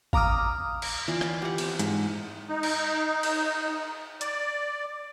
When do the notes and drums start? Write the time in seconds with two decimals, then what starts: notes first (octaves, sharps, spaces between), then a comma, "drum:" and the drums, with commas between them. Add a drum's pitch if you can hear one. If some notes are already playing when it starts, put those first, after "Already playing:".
0.13 F5 A#5 D6 D#6 F6, drum: kick A1
0.82 drum: cymbal
1.08 E3 F4 D5
1.21 D5 B5, drum: rim click
1.42 G4 F#5
1.58 C4 A5, drum: cymbal
1.79 G#2, drum: hi-hat
2.49 D#4
2.63 drum: cymbal
3.23 drum: cymbal
4.21 D5, drum: hi-hat